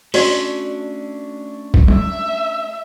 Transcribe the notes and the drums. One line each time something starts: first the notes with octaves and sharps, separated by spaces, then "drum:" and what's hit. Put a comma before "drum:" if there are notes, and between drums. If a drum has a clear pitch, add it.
A3 C#4 D4 F#4 D5, drum: open hi-hat
drum: kick
E5, drum: tom G3